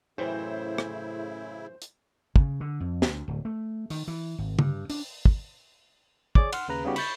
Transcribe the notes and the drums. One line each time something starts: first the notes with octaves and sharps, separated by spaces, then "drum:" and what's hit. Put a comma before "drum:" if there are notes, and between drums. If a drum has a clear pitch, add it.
F#2 A2 C#3 E3 E4 C5 G5
drum: rim click
drum: hi-hat
C#3, drum: kick
D3
F2
D2, drum: snare
D1
A3
D#3, drum: open hi-hat
E3
G#1
G2, drum: tom C#3
D4, drum: open hi-hat
drum: kick
G#4 C#5 D5 D6, drum: kick
F#5 C6 F6, drum: cymbal
D#2 C#3 B4 A#5
C#3 G3 B3 D#4 F#4 G4
B5 C#6 G6 A6, drum: cymbal